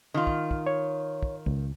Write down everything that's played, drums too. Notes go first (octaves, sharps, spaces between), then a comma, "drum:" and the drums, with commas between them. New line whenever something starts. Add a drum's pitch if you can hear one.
D#3 F4
drum: kick
drum: kick
C#5
drum: kick
C#2, drum: kick